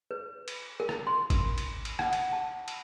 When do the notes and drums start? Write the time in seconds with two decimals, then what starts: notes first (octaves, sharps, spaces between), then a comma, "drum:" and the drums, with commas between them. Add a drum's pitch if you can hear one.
0.11 B4
0.48 drum: cymbal
0.80 A#4
0.89 drum: rim click
1.07 C6
1.30 drum: kick G#1, cymbal
1.58 drum: cymbal
1.85 drum: cymbal
1.99 F#5, drum: rim click
2.13 drum: cymbal
2.33 A5
2.68 drum: cymbal